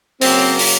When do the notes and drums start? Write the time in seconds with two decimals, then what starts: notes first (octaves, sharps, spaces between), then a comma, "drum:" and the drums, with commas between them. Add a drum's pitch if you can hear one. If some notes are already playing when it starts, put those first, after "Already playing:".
0.21 C#3 F#3 A#3 C4, drum: open hi-hat
0.59 drum: open hi-hat